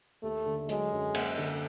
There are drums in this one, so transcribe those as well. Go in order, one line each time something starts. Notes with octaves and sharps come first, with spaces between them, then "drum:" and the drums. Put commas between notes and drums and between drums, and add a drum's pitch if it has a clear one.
D#2 A3
D3
F#3 G#3, drum: hi-hat
F#2
A#3, drum: cymbal
D3